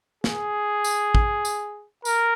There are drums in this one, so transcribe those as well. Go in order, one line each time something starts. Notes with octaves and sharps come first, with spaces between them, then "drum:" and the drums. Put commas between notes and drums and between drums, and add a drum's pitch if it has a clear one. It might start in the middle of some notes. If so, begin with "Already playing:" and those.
G#4, drum: snare
drum: tambourine
drum: kick
drum: tambourine
A#4, drum: tambourine